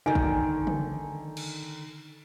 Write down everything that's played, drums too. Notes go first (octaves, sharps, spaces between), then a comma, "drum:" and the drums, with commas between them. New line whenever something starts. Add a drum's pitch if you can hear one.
D3 D#3 D#4 G#5 D7
drum: kick
drum: tom C#3
drum: cymbal